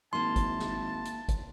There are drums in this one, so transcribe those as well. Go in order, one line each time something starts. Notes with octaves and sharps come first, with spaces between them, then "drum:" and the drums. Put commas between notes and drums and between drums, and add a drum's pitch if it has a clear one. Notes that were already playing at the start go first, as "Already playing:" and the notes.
G#1 A#3 E4 A5 C6
drum: kick, hi-hat
drum: snare
drum: hi-hat
drum: kick, hi-hat